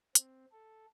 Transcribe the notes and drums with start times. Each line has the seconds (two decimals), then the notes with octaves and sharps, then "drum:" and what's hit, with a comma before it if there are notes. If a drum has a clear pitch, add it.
0.15 C4, drum: hi-hat
0.52 A4